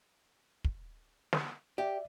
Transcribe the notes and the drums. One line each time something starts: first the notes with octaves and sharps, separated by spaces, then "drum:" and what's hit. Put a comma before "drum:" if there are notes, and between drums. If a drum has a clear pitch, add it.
drum: kick
drum: snare
G4 D5 E5